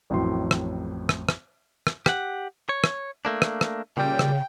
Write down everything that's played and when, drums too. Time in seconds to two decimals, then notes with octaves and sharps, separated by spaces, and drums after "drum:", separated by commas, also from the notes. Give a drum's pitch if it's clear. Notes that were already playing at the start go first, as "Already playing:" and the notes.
0.10 A1 F2 A2 F#3 C6
0.51 drum: rim click
1.09 drum: rim click
1.29 drum: rim click
1.87 drum: rim click
2.06 G4 F#5, drum: rim click
2.69 C#5
2.84 drum: rim click
3.25 A3 A#3 D4
3.42 drum: rim click
3.61 drum: rim click
3.97 A#2 C#3 G3 G5
4.19 drum: rim click